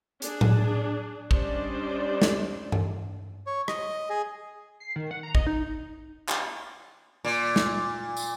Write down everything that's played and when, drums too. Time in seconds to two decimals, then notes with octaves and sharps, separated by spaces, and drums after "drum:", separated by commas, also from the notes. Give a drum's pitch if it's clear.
0.22 D4 G#4, drum: hi-hat
0.41 drum: tom A2
1.31 G3 C#4 D4 C5 D5 D#5, drum: kick
2.22 drum: snare
2.72 drum: tom G2
3.47 C#5
3.68 D#5, drum: rim click
4.10 G#4
4.80 C7
4.96 D#3
5.11 F#5
5.23 A#5
5.35 D#5, drum: kick
5.47 D#4
6.29 drum: clap
7.24 A#2
7.56 drum: snare
8.17 drum: tambourine